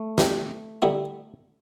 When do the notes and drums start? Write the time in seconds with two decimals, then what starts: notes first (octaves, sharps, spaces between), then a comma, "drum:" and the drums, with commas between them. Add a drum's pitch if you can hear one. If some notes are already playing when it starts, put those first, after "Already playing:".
Already playing: A3
0.18 E2 E3 G3 D4, drum: snare
0.82 D3 G3 B3 E4